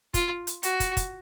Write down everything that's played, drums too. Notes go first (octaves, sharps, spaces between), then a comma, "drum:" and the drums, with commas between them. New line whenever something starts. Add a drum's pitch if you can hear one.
F4, drum: kick, hi-hat
drum: hi-hat
F#4, drum: hi-hat
drum: kick, hi-hat
drum: kick, hi-hat